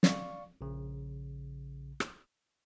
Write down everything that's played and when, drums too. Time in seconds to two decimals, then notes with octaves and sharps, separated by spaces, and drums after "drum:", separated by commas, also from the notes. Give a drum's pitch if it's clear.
0.03 D5 F5 C#6, drum: snare
0.61 A#1 C#3
2.00 drum: rim click